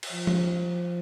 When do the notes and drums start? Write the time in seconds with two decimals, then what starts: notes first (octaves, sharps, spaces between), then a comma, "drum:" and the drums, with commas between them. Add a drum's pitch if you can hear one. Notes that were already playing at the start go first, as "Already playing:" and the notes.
0.03 drum: cymbal
0.12 F3
0.27 drum: tom F3